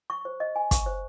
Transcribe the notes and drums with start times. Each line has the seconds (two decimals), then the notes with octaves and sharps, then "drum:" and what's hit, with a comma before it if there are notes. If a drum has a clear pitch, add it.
0.10 C#6
0.25 C5
0.40 D#5
0.56 G#5
0.71 C#6, drum: kick, hi-hat
0.86 C5